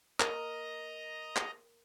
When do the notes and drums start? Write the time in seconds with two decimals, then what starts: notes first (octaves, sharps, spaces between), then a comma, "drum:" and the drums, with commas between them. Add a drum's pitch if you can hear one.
0.20 A#4 D#5 A#5, drum: clap
1.36 drum: clap